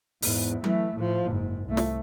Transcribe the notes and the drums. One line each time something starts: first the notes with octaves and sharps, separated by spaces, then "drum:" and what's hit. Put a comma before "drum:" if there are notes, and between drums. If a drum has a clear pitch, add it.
E2 G#2, drum: open hi-hat
E3 A3, drum: tom F#3
A2 F3
F#1 G#2
C2 A3
drum: snare